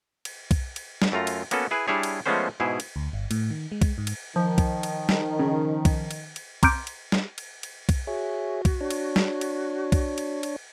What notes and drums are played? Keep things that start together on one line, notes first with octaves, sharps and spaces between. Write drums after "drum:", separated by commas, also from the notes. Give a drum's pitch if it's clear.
drum: cymbal
drum: kick B1, cymbal
drum: cymbal
drum: snare
F#2 A3 F4 A#5
drum: cymbal
A#3 B3 C#4 F#4 A4, drum: cymbal
E4 G#4 B4
G3 D4 E4 G#4 C#5
drum: cymbal
F3 G#3 A3 B3 C#4 C5
G#2 B2 E4 G#4
drum: cymbal
D2
G1
A2, drum: cymbal
D#3
G#3
drum: kick B1, cymbal
G#2
drum: cymbal
D#3 F3
drum: kick B1, cymbal
drum: cymbal
drum: snare
C#3
drum: kick B1, cymbal
drum: cymbal
drum: cymbal
A#5 C6 D6 F6 G6 D7, drum: kick B1, cymbal
drum: cymbal
drum: snare
drum: cymbal
drum: cymbal
drum: kick B1, cymbal
F#4 G#4 C#5 E5
drum: kick B1, cymbal
D4 C#5
drum: cymbal
drum: snare
drum: cymbal
drum: kick B1, cymbal
drum: cymbal
drum: cymbal